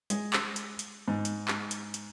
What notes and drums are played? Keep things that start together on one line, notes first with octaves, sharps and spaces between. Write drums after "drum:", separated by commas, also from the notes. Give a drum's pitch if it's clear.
G#3, drum: hi-hat
drum: clap
drum: hi-hat
drum: hi-hat
G#2
drum: hi-hat
drum: clap
drum: hi-hat
drum: hi-hat